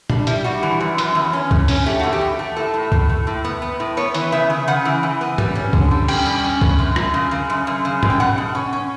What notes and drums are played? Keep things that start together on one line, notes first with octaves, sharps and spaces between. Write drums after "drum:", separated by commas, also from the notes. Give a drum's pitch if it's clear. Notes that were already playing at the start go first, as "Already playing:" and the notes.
G3 D4, drum: tom
G3 E4, drum: hi-hat
G3 F#4
E3
F#2
F#2, drum: hi-hat
E2
C#4
E2, drum: kick C#2
C#4, drum: open hi-hat
A3 G4
E2 F#4
G4
E2
A3
A2 A4
A2
A2, drum: kick C#2
A2
A2
B3
B3
A2
B3 C#5
E3, drum: hi-hat
C#3 E5
C#3
C#3 F#5
E3
E3
B3
G3, drum: tom
C#4
D3, drum: kick C#2
G3
C#4 G5, drum: cymbal
G3
C#4
G2, drum: kick C#2
F#2
F#2, drum: rim click
C#3
C#3
F#2
F#2
C#3
F#2, drum: tom
G5
B2 F#5
B2
C#4
C#4